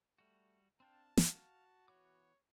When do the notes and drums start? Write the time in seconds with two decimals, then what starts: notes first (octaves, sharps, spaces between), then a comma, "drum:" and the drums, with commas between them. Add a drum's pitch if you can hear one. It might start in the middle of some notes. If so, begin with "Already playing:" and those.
0.18 G3 A3 F#4
0.80 C4 D4 F5 G5 A5
1.17 F#4 F5, drum: snare
1.88 E3 B3 C#5 D6